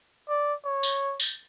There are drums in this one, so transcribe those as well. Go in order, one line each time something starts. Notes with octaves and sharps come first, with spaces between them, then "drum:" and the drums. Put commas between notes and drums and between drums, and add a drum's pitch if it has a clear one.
D5
C#5
drum: tambourine
drum: tambourine